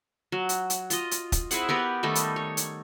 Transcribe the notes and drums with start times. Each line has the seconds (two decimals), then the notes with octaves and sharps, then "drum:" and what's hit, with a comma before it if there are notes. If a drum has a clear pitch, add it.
0.32 F#3
0.49 drum: hi-hat
0.70 drum: hi-hat
0.90 F4 D#5, drum: hi-hat
1.11 drum: hi-hat
1.32 drum: kick, hi-hat
1.51 C4 E4 G#4 F#5, drum: hi-hat
1.69 B3 G4 A#4 B4
2.03 D#3 G3 A3 D#4
2.15 drum: hi-hat
2.36 C#5
2.57 drum: hi-hat